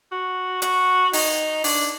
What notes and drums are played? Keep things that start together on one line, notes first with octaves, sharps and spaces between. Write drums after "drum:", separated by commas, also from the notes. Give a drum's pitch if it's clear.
F#4
F#4, drum: hi-hat
D#4, drum: open hi-hat
D4, drum: open hi-hat